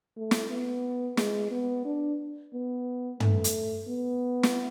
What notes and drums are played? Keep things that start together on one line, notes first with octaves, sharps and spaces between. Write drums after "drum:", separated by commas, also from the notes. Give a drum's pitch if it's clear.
A3
drum: snare
B3
G#3, drum: snare
B3
D4
B3
A3, drum: tom
drum: hi-hat
B3
drum: snare